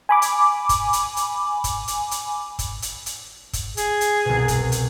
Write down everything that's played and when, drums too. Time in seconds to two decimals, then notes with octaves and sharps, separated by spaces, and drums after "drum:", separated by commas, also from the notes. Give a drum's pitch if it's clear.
0.09 G#5 B5 D6
0.22 drum: hi-hat
0.69 drum: kick, hi-hat
0.93 drum: hi-hat
1.17 drum: hi-hat
1.64 drum: kick, hi-hat
1.88 drum: hi-hat
2.11 drum: hi-hat
2.59 drum: kick, hi-hat
2.82 drum: hi-hat
3.06 drum: hi-hat
3.53 drum: kick, hi-hat
3.77 G#4, drum: hi-hat
4.01 drum: hi-hat
4.25 C2 B2
4.48 drum: kick, hi-hat
4.72 drum: hi-hat